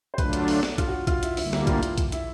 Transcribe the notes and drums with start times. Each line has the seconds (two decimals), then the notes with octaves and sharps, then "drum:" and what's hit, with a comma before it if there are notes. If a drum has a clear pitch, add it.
0.14 C5
0.18 D3 F#3 A3 D4 F4 B4, drum: kick, hi-hat
0.33 drum: hi-hat
0.48 drum: open hi-hat
0.63 drum: snare
0.78 F4, drum: kick, hi-hat
0.87 F#4
1.07 F4, drum: kick, hi-hat
1.23 E4, drum: hi-hat
1.37 D2 D3 G3 A#3 E4, drum: open hi-hat
1.53 E4, drum: snare
1.67 F4, drum: kick, hi-hat
1.83 drum: hi-hat
1.98 drum: kick, hi-hat
2.12 E4, drum: hi-hat